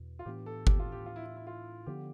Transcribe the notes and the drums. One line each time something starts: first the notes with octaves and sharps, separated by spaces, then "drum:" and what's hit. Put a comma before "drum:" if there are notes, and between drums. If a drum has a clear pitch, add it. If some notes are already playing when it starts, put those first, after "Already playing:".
Already playing: E2 B2
F4
A2 E3 B3 D4 G4
A4
G4, drum: kick G1
F4
G4
F4
E4
E4
E4
F4
D3 F3 B3 G4